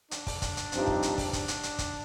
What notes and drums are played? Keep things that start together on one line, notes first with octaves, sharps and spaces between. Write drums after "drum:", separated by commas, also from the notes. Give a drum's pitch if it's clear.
D4, drum: hi-hat
drum: kick, open hi-hat
drum: kick, hi-hat
drum: hi-hat
G2 F3 C4 D#4 G4, drum: hi-hat
drum: kick
drum: hi-hat
drum: kick, open hi-hat
D4, drum: kick, hi-hat
drum: hi-hat
drum: hi-hat
drum: kick, hi-hat